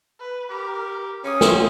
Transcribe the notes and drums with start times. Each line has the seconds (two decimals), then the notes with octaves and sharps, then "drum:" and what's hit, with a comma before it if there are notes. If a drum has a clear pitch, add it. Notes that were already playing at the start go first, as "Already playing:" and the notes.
0.20 B4
0.50 G4 A#4
1.24 C#4 D#6
1.41 drum: snare